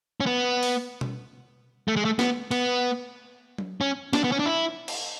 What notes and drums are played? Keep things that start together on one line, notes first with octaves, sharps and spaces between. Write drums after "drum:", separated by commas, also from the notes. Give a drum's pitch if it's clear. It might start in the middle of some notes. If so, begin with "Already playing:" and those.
C#4
B3
drum: open hi-hat
drum: tom B2
A3
G#3
A3
B3, drum: snare
B3, drum: cymbal
drum: tom F#3
C#4
D4, drum: snare
B3
C#4
D4
E4
drum: cymbal